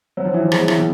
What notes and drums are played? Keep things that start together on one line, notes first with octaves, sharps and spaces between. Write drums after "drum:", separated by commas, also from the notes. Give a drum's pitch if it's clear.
F#3
F3
E3
F3
G#3, drum: rim click
F#3
E3, drum: rim click
B2